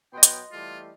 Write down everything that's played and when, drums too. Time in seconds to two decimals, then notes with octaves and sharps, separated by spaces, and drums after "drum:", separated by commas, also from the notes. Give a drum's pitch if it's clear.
0.13 B2 F#3 B3 D#5 G5 C6
0.23 drum: hi-hat
0.52 E3 G3 A3 F4